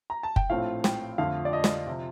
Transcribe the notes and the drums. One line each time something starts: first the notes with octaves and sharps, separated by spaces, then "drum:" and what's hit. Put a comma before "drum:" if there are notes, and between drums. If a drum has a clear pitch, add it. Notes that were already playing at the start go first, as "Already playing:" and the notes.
A#5
A5
G5, drum: kick
A#1 A2 F3 A3 C4 F5
G5, drum: snare
F2 D3 A3 F5
D5
D#5
drum: snare
C3 F3